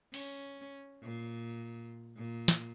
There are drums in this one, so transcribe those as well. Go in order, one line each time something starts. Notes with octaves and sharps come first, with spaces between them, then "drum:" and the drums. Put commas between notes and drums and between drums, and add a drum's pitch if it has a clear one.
C#4, drum: open hi-hat
A#2
A#2
drum: snare